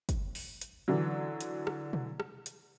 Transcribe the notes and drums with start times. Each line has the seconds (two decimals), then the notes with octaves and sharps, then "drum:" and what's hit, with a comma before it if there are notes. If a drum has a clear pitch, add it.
0.09 drum: kick, hi-hat
0.35 drum: open hi-hat
0.61 drum: hi-hat
0.88 D3 E3 F#3
1.41 drum: hi-hat
1.67 drum: rim click
1.93 drum: tom B2
2.20 drum: rim click
2.46 drum: hi-hat